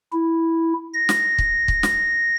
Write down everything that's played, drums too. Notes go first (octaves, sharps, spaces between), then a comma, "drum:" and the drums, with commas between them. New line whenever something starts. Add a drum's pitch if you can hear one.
E4
A#6
drum: snare
drum: kick
drum: kick
drum: snare